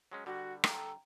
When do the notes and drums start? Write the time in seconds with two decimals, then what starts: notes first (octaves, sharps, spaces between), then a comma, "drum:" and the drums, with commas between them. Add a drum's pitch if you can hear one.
0.12 F#3 G#3 C#4
0.26 D3 G3 F#4
0.64 A4 G5 A#5, drum: rim click